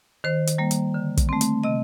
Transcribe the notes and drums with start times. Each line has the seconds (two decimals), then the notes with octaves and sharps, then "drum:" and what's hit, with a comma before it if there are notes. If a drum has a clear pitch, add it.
0.24 D#3 C5
0.47 drum: hi-hat
0.58 G3 A#3
0.71 drum: hi-hat
0.94 D3
1.17 drum: kick, hi-hat
1.29 A3 C4
1.41 drum: hi-hat
1.64 C3 D#5